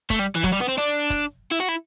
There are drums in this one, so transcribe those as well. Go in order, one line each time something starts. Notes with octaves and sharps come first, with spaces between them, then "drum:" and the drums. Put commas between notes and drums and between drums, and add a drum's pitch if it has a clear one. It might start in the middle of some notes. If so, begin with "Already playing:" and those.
A3, drum: kick, hi-hat
G3
E3
F#3, drum: kick, hi-hat
G3
B3
C4
D4, drum: hi-hat
drum: kick, hi-hat
E4
F#4
E4